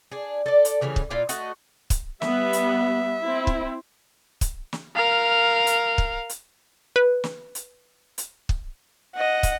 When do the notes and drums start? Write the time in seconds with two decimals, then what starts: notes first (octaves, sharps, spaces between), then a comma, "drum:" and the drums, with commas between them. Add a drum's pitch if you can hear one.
0.11 D4 G#4
0.46 A4 D5
0.65 drum: hi-hat
0.81 C#3 E3 G3 C#4
0.96 drum: kick
1.10 A#2 E4 F4 D5
1.29 A3 F#4 D#5, drum: hi-hat
1.90 drum: kick, hi-hat
2.22 G3 B3 E5, drum: snare
2.53 drum: hi-hat
3.24 C4 E4
3.47 drum: kick
4.41 drum: kick, hi-hat
4.73 drum: snare
4.95 A#4 F5
5.67 drum: hi-hat
5.98 drum: kick
6.29 drum: hi-hat
6.96 B4
7.24 drum: snare
7.55 drum: hi-hat
8.18 drum: hi-hat
8.49 drum: kick
9.16 D#5 F#5
9.43 drum: kick, hi-hat